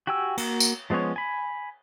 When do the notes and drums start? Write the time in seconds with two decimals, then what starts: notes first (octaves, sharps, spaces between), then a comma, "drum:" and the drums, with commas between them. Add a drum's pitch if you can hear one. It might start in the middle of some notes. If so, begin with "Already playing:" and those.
0.07 F#4 G4 G5 G#5 E6
0.38 A#3 F#4, drum: cymbal
0.60 drum: tambourine
0.90 F3 G#3 B3 C#4 C#5
1.16 G#5 B5